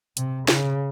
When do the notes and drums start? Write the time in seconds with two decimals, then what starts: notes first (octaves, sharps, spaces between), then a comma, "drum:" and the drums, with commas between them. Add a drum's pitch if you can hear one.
0.17 C3, drum: hi-hat
0.48 C#3, drum: snare